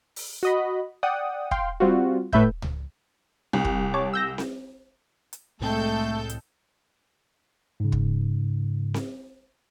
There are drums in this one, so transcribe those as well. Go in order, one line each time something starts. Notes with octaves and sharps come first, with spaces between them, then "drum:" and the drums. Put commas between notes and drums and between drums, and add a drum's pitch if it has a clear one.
drum: open hi-hat
F#4 D#5 B5
D5 F#5 G5 D#6
F5 G5 C6, drum: kick
G3 C4 F4 F#4
A2 A3 B4 E5 G6, drum: kick
drum: tom C#2
C2
drum: kick
C#5 A5 D6
E6 G6 A#6
drum: snare C4
drum: hi-hat
C2 A2 G#3 A3 C4 A4 G6
drum: hi-hat
G#2 C#3
drum: kick
drum: snare C4